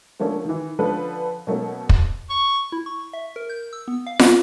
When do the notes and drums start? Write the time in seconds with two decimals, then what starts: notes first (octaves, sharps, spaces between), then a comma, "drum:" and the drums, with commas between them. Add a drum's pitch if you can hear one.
0.20 D3 F3 A3 A#3 C#4
0.45 D#3 E3
0.79 D3 F3 C#4 A4 B4
1.47 B2 F#3 A3 A#3 C#4
1.89 drum: kick
2.30 C#6
2.72 E4
2.86 C#6
3.13 E5
3.36 A#4
3.50 G6
3.73 E6
3.88 B3
4.07 F5
4.19 C4, drum: snare F4